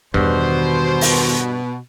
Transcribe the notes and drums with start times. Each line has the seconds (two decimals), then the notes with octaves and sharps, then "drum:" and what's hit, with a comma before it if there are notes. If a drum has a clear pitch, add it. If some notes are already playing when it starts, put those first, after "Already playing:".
0.14 E2 G2 B2 D#3 C5
1.01 drum: open hi-hat